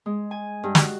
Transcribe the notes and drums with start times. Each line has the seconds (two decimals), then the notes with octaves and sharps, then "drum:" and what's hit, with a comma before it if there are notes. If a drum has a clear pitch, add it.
0.06 G#3
0.31 G#5
0.63 G2
0.75 F#4, drum: snare